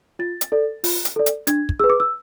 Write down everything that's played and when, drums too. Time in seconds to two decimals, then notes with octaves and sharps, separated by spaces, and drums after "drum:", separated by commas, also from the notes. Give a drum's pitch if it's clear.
0.19 F4 A6
0.41 drum: hi-hat
0.52 A4 D5
0.84 F4, drum: open hi-hat
1.05 drum: hi-hat
1.16 A4 D5
1.26 drum: hi-hat
1.47 D4 G#6, drum: hi-hat
1.69 drum: kick
1.80 G#4 B4 E6
1.90 D6
2.00 E6